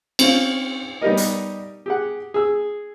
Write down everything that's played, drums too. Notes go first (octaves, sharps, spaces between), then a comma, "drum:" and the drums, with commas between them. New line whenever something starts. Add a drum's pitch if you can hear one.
C4 C#4 F4, drum: cymbal
G3 B3 D#4 G4 A#4 D#5
drum: hi-hat
G4 G#4 F#5
G#4 E6